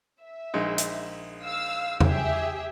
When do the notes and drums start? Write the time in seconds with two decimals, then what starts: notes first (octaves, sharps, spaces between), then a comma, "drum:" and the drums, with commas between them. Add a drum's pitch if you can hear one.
0.21 E5
0.54 A#1 G#3 D#4
0.78 drum: hi-hat
1.43 F5 E6
2.00 G4 G#4 E5, drum: tom E2